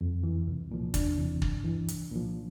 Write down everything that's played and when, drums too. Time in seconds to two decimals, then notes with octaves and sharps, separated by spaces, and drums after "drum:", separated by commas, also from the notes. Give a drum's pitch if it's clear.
0.01 F2
0.23 E3
0.47 C2
0.71 A#2 F3
0.94 E2 D4, drum: kick, hi-hat
1.18 C3 E3
1.42 G2, drum: kick
1.64 E3
1.88 C2, drum: hi-hat
2.12 A#2 F3